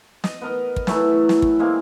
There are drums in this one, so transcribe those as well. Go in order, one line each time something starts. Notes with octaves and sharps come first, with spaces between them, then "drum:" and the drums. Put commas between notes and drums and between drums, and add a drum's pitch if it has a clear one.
D#5, drum: snare
B3 A#4 D#5
drum: kick
E3 F#3 A3 E4, drum: snare
drum: snare
drum: kick
G#3 A#3 C4